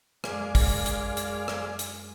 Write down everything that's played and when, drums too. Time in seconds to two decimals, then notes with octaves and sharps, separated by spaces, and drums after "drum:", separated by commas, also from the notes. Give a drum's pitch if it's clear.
0.24 F#2 G#3 G#4 D5 F5, drum: rim click
0.55 drum: kick, open hi-hat
0.86 drum: hi-hat
1.17 drum: hi-hat
1.48 drum: rim click
1.79 drum: hi-hat